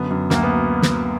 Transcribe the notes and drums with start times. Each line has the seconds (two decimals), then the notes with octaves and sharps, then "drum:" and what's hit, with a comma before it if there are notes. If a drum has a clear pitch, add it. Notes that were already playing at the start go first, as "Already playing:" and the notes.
Already playing: F#2 D3 B3
0.10 F#2
0.30 D2 A#3, drum: snare
0.43 B3
0.82 drum: snare